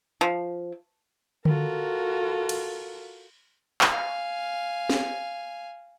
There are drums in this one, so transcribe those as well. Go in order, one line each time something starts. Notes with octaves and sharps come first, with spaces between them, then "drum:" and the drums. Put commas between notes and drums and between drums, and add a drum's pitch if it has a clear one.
F3
F4 F#4 A4 A#4, drum: tom D3
drum: cymbal
drum: clap
F5 G#5
drum: snare